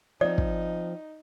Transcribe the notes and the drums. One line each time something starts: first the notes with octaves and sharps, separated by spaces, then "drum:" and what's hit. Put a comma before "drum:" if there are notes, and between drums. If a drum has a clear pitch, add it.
F3 C4 D#4 D5
drum: kick